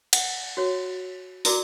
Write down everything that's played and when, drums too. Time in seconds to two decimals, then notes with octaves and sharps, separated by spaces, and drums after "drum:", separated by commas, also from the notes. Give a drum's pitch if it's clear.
0.13 F#5, drum: cymbal
0.57 F#4 C#5
1.45 E4 F#4 A#4 D5 A#5 D6, drum: open hi-hat